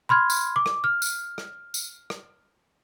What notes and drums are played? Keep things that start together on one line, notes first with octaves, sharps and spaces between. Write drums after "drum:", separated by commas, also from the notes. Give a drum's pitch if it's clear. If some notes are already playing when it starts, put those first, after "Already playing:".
B5 C6 F6 G#6
drum: tambourine
D6
drum: rim click
F6
drum: tambourine
drum: rim click
drum: tambourine
drum: rim click